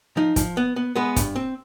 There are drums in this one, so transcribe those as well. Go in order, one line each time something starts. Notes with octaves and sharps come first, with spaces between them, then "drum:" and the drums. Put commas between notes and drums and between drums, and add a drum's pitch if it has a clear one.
F3 D#4
F3, drum: kick, hi-hat
B3
B3
G#3 B3 B4
G2, drum: kick, hi-hat
C4